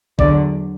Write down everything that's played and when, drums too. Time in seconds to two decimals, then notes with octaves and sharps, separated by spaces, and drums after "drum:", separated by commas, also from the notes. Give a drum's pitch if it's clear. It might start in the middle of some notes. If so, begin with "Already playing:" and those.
0.19 E2 D3 F#3 D5, drum: kick